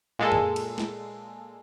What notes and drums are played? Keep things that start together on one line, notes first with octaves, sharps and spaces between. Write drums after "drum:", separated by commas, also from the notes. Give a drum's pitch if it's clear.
A#2 G#3 A4
drum: tom F#2
drum: cymbal
drum: snare